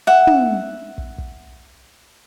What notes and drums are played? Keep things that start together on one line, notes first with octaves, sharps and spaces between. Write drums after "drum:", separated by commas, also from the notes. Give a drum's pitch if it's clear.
E5 F#5
drum: tom
drum: kick
drum: kick